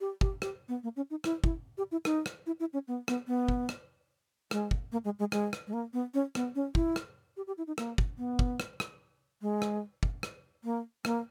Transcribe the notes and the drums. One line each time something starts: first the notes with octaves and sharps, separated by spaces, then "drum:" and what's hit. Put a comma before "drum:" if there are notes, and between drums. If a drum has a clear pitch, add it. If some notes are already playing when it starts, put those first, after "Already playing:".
G4
G4, drum: kick
G4, drum: rim click
B3
A#3
C#4
D#4
E4, drum: rim click
E4, drum: kick
G4
E4
D#4, drum: rim click
drum: rim click
E4
E4
C#4
B3
B3, drum: rim click
B3
drum: kick
drum: rim click
G#3, drum: rim click
drum: kick
A#3
G#3
G#3
G#3, drum: rim click
drum: rim click
G#3
A#3
B3
C#4
B3, drum: rim click
C#4
E4, drum: kick
drum: rim click
G4
G4
E4
D#4
A#3, drum: rim click
drum: kick
B3
drum: kick
drum: rim click
drum: rim click
G#3
drum: rim click
drum: kick
drum: rim click
A#3
A#3, drum: rim click